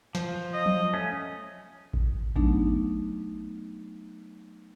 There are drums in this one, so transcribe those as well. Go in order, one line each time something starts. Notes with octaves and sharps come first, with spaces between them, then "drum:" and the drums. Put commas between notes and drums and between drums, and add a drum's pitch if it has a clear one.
F3, drum: snare
D#5
drum: tom F3
A3 C#4
drum: kick A1
F#3 A3 B3 D4 D#4, drum: kick A1